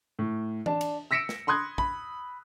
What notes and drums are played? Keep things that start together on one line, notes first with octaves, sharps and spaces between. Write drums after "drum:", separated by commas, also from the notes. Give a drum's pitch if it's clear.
A2
D4 A5, drum: tom E3
drum: cymbal
E6 A#6 B6 C#7 D7 E7
drum: snare
B5 C6 D#6 F#6 G#6
B5, drum: kick